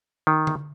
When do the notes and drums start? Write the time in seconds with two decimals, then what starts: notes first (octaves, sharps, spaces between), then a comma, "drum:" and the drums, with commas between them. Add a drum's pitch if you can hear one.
0.27 D#3
0.47 drum: tom D3